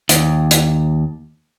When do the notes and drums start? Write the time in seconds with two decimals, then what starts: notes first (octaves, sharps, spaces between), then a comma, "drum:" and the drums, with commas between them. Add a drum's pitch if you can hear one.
0.09 D#2, drum: hi-hat
0.51 drum: hi-hat